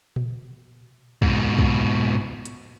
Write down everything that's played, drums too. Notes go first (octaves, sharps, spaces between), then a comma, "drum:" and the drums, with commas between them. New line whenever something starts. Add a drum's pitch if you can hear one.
drum: tom A#2
G#2 B2, drum: kick
drum: kick
drum: hi-hat